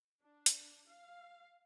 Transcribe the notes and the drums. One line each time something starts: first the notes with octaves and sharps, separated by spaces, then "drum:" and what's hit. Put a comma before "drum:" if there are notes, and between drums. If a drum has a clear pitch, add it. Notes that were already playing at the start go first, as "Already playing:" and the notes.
D4
drum: hi-hat
F5